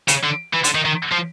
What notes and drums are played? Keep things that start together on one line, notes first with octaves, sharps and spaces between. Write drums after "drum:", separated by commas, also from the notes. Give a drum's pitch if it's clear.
C#3, drum: hi-hat
D3
E3
D3, drum: hi-hat
D#3
D#3
F3